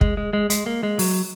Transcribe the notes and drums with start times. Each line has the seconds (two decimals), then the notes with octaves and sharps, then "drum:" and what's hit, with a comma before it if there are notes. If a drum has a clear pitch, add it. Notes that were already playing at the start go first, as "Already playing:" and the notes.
0.01 G#3, drum: kick
0.17 G#3
0.33 G#3
0.50 G#3, drum: hi-hat
0.66 A#3
0.83 G#3
0.99 F#3, drum: open hi-hat